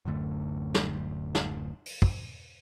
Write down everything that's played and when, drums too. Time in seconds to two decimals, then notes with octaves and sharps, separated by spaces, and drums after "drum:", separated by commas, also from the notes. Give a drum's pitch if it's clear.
0.05 D1 F#2 D3 A3
0.74 drum: snare
1.35 drum: snare
1.86 drum: open hi-hat
2.02 drum: kick